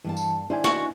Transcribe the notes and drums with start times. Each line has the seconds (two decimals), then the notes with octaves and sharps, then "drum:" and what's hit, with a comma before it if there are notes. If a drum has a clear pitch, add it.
0.04 G2 E3 A#3 A5
0.17 drum: tambourine
0.50 D#3 D4 E4 C5 D5 G#5
0.64 F#4, drum: snare